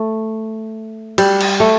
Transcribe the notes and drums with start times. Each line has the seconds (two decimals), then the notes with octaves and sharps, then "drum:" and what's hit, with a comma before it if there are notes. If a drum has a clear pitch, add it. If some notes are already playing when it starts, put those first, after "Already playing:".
Already playing: A3
1.18 G3, drum: cymbal
1.41 drum: cymbal
1.60 A3